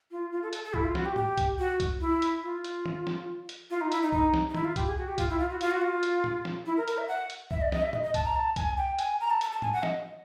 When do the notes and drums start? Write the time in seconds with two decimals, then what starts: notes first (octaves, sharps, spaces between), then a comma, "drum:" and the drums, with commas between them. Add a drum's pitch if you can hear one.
0.11 F4
0.32 F4
0.43 A4
0.53 A4, drum: hi-hat
0.64 A4
0.74 E4, drum: kick C2
0.85 F4
0.95 F#4, drum: snare
1.06 G4
1.16 G4, drum: tom
1.38 drum: kick C2, hi-hat
1.59 F#4
1.80 drum: kick C2, hi-hat
2.01 E4
2.22 drum: hi-hat
2.43 F4
2.64 drum: hi-hat
2.86 drum: tom
3.07 drum: snare
3.49 drum: hi-hat
3.70 F4
3.81 D#4
3.92 E4, drum: hi-hat
4.02 D#4
4.12 D#4, drum: kick C2
4.34 drum: snare
4.48 D#4
4.55 E4, drum: tom
4.65 F4
4.76 G4, drum: kick C2, hi-hat
4.87 G#4
4.98 F#4
5.08 G4
5.18 F4, drum: kick C2, hi-hat
5.29 E4
5.39 F4
5.50 F#4
5.61 F4, drum: hi-hat
5.71 F#4
5.82 F4
6.03 drum: hi-hat
6.24 drum: tom
6.45 drum: snare
6.66 E4
6.77 A#4
6.88 A#4, drum: hi-hat
6.98 E5
7.08 F#5
7.30 drum: hi-hat
7.51 E5, drum: kick C2
7.61 D5
7.72 D#5, drum: snare
7.82 E5
7.93 D#5, drum: tom
8.03 D#5
8.14 A5, drum: kick C2, hi-hat
8.25 A#5
8.36 A5
8.56 G#5, drum: kick C2, hi-hat
8.78 G5
8.99 G#5, drum: hi-hat
9.21 A#5
9.30 A5
9.41 A5, drum: hi-hat
9.52 A5
9.62 G#5, drum: tom
9.73 F#5
9.83 D#5, drum: snare